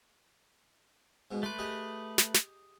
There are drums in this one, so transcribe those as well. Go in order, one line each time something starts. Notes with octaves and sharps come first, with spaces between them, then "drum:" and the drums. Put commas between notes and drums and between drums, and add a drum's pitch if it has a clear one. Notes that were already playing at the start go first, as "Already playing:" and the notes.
G#2 B2
A3 B4 C6 D6
G4 G#4 D#5
drum: snare
drum: snare